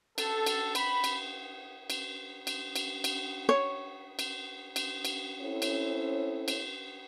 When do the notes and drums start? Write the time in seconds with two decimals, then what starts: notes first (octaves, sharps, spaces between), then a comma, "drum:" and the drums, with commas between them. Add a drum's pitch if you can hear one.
0.18 A4, drum: cymbal
0.46 drum: cymbal
0.75 B5, drum: cymbal
1.04 drum: cymbal
1.90 drum: cymbal
2.47 drum: cymbal
2.76 drum: cymbal
3.04 drum: cymbal
3.49 C#5
4.19 drum: cymbal
4.76 drum: cymbal
5.05 drum: cymbal
5.41 C4 C#4 E4 A4 C5 C#5
5.62 drum: cymbal
6.48 drum: cymbal